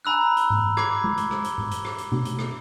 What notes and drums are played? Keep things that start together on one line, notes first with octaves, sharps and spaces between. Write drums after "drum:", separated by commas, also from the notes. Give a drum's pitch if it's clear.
G#5 A#5 B5 E6 F#6
drum: hi-hat
drum: tom G#2
B5 D6 G#6, drum: rim click
drum: tom G#3
drum: hi-hat
drum: rim click
drum: hi-hat
drum: tom G#2
drum: hi-hat
drum: rim click
drum: hi-hat
drum: tom B2
drum: hi-hat
drum: rim click